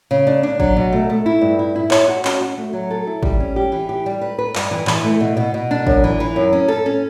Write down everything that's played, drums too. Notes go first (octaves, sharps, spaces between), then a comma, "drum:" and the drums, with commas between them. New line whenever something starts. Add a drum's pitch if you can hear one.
C#3
D4
D4
F#3, drum: kick G#1
B2
A3
A3
E4
G2
E4
E4
C#5, drum: clap
F#4
C#4, drum: clap
F#4
A3
F#3
A4
E4
G3, drum: kick G#1
C#4
G4
E3
G4
G3
B4
B4
G2, drum: clap
E3
E3, drum: clap
A3
B2
B2
B2
D4
F#2, drum: kick G#1
E3
E3
F#2
C#4
A4
C#4